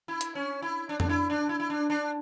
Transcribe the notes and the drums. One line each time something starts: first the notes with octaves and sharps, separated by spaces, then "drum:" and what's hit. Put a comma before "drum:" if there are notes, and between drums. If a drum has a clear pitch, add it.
E4
drum: hi-hat
C#4
E4
D4
D4, drum: tom F2
E4
D4
E4
E4
D4
D4